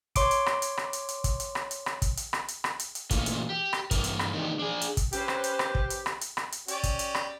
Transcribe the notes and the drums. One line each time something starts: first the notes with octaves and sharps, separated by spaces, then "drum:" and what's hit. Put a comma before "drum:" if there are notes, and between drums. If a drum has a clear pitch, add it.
C#5 C6 D6 D7, drum: kick, hi-hat
drum: hi-hat
drum: rim click
drum: hi-hat
drum: rim click
drum: hi-hat
drum: hi-hat
drum: kick, hi-hat
drum: hi-hat
drum: rim click
drum: hi-hat
drum: rim click
drum: kick, hi-hat
drum: hi-hat
drum: rim click
drum: hi-hat
drum: rim click
drum: hi-hat
drum: hi-hat
A#2 E3 A3 A#3, drum: kick, hi-hat
drum: hi-hat
G4
drum: rim click
G2 E3 A#4, drum: kick, hi-hat
drum: hi-hat
drum: rim click
D#3 E3 G#3 D4 D#4 G4
D4 G#4
drum: hi-hat
drum: kick, hi-hat
C#4 G4 B4 C5, drum: hi-hat
drum: rim click
drum: hi-hat
drum: rim click
drum: kick
drum: hi-hat
drum: rim click
drum: hi-hat
drum: rim click
drum: hi-hat
C#4 G4 D5, drum: hi-hat
drum: kick, hi-hat
drum: hi-hat
drum: rim click